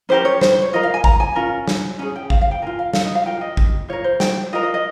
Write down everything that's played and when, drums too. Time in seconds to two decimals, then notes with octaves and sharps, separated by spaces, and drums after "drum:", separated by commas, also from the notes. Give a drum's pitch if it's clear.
0.09 C#4 G4 A#4 C5
0.25 C#5
0.41 C5, drum: snare
0.52 C5
0.62 C#5
0.73 F4 A#4 D#5
0.83 F5
0.94 G#5
1.04 A#5, drum: kick A1
1.20 G#5
1.35 C#4 F4 A#4
1.68 drum: snare
1.99 C#4 G#4 G#5
2.16 G5
2.30 F5, drum: kick A1
2.41 F5
2.51 G5
2.62 F4 A#4 G#5
2.79 F5
2.93 F5, drum: snare
3.04 D#5
3.15 F5
3.26 F4 A#4 G5
3.41 D#5
3.57 drum: kick A1
3.88 F4 A#4 C#5
4.04 C5
4.20 G5, drum: snare
4.53 F4 A#4 D#5
4.63 D#5
4.74 D#5